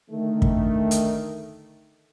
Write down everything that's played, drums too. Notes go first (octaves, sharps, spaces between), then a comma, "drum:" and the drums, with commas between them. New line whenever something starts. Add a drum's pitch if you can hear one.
D3 D#3 A3
drum: kick
drum: hi-hat